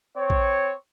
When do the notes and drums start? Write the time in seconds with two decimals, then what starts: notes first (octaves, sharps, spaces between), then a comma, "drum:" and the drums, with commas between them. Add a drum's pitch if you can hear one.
0.16 C4 C#5
0.30 drum: kick